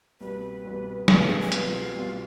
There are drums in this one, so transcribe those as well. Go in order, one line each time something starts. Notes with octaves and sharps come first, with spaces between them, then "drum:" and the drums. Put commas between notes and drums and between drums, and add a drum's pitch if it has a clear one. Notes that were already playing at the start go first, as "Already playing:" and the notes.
C2 B2 B3 B4
C2 B2 B3
C2 B2 B3 G#4, drum: snare
A4
G#4
G#4
C2 B2 B3 F4, drum: hi-hat
C2 B2 B3